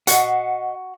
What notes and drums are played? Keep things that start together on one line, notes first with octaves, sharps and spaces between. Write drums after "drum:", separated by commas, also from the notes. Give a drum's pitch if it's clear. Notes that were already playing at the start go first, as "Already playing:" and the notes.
F#4 D#5 F#5, drum: hi-hat